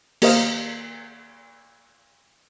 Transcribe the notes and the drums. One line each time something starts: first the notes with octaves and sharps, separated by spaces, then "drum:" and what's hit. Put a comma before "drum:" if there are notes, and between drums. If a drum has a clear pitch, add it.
A#3 G4 A#4 C5 D#5 F5, drum: cymbal